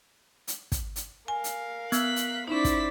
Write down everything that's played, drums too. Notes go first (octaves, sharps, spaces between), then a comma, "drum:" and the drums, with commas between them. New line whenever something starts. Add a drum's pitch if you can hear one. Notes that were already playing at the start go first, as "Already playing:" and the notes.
drum: hi-hat
drum: kick, hi-hat
drum: hi-hat
A#4 F5 G#5
drum: hi-hat
B3 E6 F#6 B6, drum: hi-hat
drum: hi-hat
C#4 D#4 E4 C5 D5 B6
drum: kick, hi-hat